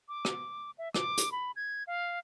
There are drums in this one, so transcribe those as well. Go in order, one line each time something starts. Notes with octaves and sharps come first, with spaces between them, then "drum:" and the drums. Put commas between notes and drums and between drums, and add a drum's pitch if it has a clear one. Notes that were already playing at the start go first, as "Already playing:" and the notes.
D6
drum: rim click
E5
D6, drum: rim click
drum: hi-hat
B5
G#6
F5